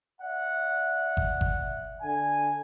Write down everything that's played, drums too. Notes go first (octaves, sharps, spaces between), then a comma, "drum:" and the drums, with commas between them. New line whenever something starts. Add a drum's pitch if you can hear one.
D5 E5 F#5
drum: kick G1
drum: kick G1
D3 G#5